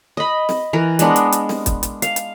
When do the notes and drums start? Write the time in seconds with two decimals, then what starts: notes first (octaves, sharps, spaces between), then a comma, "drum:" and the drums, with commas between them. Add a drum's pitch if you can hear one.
0.17 D#5 B5
0.49 drum: snare
0.73 E3 A#4
0.99 G#3 B3 D4 A#4, drum: hi-hat
1.16 drum: hi-hat
1.32 drum: hi-hat
1.49 drum: snare
1.66 drum: kick, hi-hat
1.83 drum: hi-hat
2.02 F5, drum: hi-hat
2.16 drum: hi-hat